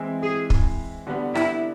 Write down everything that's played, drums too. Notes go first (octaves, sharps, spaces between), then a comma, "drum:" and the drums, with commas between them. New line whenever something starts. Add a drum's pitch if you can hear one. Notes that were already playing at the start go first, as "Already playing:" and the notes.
Already playing: E3 G#3 C4 E4
G#4
drum: kick
D3 G3 B3
E4, drum: rim click